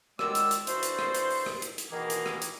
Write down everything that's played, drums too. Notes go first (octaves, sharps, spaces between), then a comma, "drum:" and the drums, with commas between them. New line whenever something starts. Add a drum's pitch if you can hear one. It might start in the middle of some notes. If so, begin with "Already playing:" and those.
F#2 D#3 G#3 D5 E6, drum: rim click
drum: hi-hat
drum: hi-hat
E3 D4 F#4 A4 C5, drum: hi-hat
drum: hi-hat
drum: rim click
drum: hi-hat
drum: open hi-hat
drum: rim click
drum: hi-hat
drum: hi-hat
B2 D#3 E3 A#3 G#4 A#4
drum: hi-hat
drum: rim click
drum: hi-hat